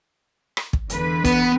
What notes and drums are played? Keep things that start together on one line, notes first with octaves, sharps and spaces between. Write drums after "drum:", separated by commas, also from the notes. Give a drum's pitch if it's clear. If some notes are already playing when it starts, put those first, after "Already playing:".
drum: rim click
drum: kick
E2 D3 B4, drum: hi-hat
B3, drum: kick, hi-hat